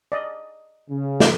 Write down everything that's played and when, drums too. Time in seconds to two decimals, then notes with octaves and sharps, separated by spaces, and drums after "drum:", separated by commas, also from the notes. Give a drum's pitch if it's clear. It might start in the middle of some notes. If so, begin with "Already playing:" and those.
0.12 D5 D#5
0.90 C#3
1.20 drum: snare